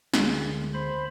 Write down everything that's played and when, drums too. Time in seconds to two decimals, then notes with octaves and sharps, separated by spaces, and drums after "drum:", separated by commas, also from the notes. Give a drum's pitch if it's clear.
0.14 D2 G#3 A#3, drum: snare
0.74 C5 B5